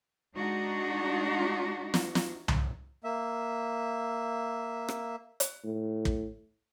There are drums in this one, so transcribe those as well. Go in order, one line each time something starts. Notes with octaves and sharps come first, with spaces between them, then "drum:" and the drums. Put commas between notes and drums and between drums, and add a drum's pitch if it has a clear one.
G#3 D4 D#4 F#4
drum: snare
drum: snare
drum: tom C2
A#3 E5
drum: rim click
drum: hi-hat
A2
drum: kick